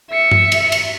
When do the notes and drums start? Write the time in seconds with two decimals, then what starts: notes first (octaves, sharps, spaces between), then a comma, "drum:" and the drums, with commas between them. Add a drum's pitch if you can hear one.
0.11 E5 C#7
0.31 drum: tom G2
0.52 drum: cymbal
0.72 drum: cymbal